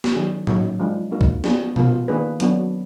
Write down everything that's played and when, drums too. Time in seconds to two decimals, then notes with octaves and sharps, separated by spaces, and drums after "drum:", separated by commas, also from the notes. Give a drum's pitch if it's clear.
0.04 drum: snare
0.15 D#3 F#3 D4 G#4
0.47 F#3 A#3 D#4 F#4, drum: tom A2
0.80 F3 G#3 D4
1.11 A#3 D#4 F#4 A#4
1.21 drum: kick C#2
1.44 F3 B3 D4 G#4, drum: snare
1.76 F3 B3 F4 A#4, drum: tom B2
2.08 D#3 A#3 D4 G#4 B4
2.40 F#3 B3 D4 F#4, drum: hi-hat